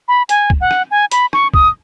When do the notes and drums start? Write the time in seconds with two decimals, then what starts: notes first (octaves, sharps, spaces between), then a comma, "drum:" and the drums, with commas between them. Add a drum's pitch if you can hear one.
0.08 B5
0.29 G#5, drum: hi-hat
0.50 drum: kick
0.61 F#5
0.71 drum: rim click
0.91 G#5
1.11 B5, drum: hi-hat
1.33 C#6, drum: rim click
1.54 D#6, drum: kick